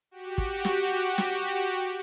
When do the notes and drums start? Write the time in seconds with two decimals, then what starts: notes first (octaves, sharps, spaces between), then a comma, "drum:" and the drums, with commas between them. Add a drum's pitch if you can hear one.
0.11 F#4 G4
0.38 drum: kick
0.65 drum: snare
1.18 drum: snare